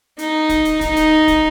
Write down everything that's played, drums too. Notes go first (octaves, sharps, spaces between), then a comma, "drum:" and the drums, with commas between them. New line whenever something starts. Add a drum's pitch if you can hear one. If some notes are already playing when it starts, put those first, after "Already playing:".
D#4, drum: hi-hat
drum: kick, hi-hat
drum: hi-hat
D#4, drum: kick, hi-hat
drum: hi-hat
drum: kick, hi-hat